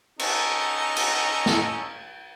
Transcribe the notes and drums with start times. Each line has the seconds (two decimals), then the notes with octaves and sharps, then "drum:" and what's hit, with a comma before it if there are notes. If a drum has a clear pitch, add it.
0.19 C#4 D#4 A4, drum: cymbal
0.97 drum: cymbal
1.46 drum: snare